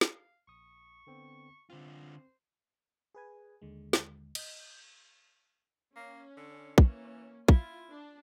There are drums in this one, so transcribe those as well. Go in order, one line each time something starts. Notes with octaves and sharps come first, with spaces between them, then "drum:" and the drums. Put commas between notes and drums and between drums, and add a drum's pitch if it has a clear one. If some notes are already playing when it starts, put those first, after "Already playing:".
F5, drum: snare
A#1 C#6 D#6
D3 B3 C4
D3 C4 F4 C5
G#4 B4 G#5
D#2 D3 G#3
drum: snare
D#5 G6, drum: cymbal
A#3 C#4
D3
E3 A#3 C#4, drum: kick
E4 F4, drum: kick
D4